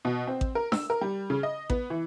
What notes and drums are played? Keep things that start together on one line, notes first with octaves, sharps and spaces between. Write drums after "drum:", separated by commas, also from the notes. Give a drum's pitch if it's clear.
B2
C4
drum: kick A1
A#4
E6, drum: snare D4
A#4
G3
C#3
D#5
B3, drum: kick A1
E3